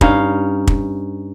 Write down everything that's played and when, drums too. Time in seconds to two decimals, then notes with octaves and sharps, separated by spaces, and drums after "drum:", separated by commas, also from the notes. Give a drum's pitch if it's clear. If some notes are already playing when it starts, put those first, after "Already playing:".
0.01 G2 C#4 D#4 F5, drum: kick
0.67 drum: kick